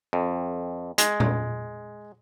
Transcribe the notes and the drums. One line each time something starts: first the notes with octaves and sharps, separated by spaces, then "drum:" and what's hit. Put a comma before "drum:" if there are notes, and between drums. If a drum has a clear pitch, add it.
F2
G#3, drum: hi-hat
drum: tom A#2